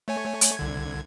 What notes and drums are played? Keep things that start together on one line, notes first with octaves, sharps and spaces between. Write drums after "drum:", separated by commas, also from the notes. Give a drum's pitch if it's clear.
A3 C#5 G#5
drum: hi-hat
C2 D3 G#6